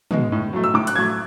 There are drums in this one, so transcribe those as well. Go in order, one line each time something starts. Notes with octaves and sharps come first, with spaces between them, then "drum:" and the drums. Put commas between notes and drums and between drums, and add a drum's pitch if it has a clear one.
B2 G#3, drum: tom
A2
F#3 A3
E6
A2 D6
F#6, drum: hi-hat
F#3 A3 G#6